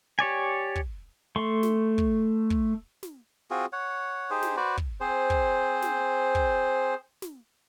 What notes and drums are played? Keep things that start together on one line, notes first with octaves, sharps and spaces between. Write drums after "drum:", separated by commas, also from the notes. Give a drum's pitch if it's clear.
G4 C#5 D5 G#5
drum: kick
A3 C6 C#6
drum: snare
drum: kick
drum: kick
drum: snare
C4 F4 F#4 G#4
C#5 F#5
D#4 G4 G#4 C5
drum: snare
F#4 B4 C5 D5
drum: kick
C4 G#4 C5
drum: kick
drum: snare
drum: kick
drum: snare